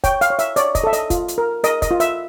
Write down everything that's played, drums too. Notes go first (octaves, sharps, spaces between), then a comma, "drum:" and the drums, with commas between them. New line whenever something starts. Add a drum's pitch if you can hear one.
C#5 G5, drum: kick, hi-hat
F5, drum: hi-hat
C#5
E5, drum: hi-hat
C#5 D5, drum: hi-hat
D#5, drum: kick, hi-hat
A4 E5
D#5, drum: hi-hat
F4, drum: kick, hi-hat
drum: hi-hat
A#4
A#4 D#5, drum: hi-hat
D#5, drum: kick, hi-hat
F4
E5, drum: hi-hat